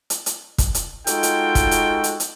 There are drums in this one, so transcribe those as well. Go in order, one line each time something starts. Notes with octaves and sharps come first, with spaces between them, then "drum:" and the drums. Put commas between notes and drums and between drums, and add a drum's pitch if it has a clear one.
drum: hi-hat
drum: hi-hat
drum: kick, hi-hat
drum: hi-hat
G#3 D#4 F4 F#4 A4 G5, drum: hi-hat
drum: hi-hat
drum: kick, hi-hat
drum: hi-hat
drum: hi-hat
drum: hi-hat